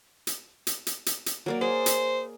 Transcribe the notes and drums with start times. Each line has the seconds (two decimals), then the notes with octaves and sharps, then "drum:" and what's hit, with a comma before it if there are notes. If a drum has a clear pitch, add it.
0.27 drum: hi-hat
0.67 drum: hi-hat
0.87 drum: hi-hat
1.06 drum: hi-hat
1.26 drum: hi-hat
1.46 F#3 A#3 D5
1.61 G#4 C5
1.86 drum: hi-hat